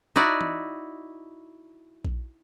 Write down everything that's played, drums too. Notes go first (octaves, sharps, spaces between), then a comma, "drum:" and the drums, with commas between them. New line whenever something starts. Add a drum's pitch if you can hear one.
D#4 E4 F#4 D5 F#5
drum: tom E3
drum: kick A#1